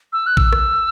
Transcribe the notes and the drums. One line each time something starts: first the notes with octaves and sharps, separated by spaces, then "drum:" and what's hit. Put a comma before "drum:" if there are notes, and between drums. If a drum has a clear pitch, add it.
E6
F#6
E6, drum: kick
drum: rim click